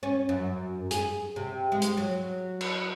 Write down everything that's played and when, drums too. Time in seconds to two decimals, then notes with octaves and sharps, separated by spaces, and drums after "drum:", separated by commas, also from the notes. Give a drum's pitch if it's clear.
0.03 C#4
0.29 F#2
0.91 G#4, drum: hi-hat
1.36 C3
1.72 G#3
1.82 drum: hi-hat
1.97 F#3
2.61 drum: cymbal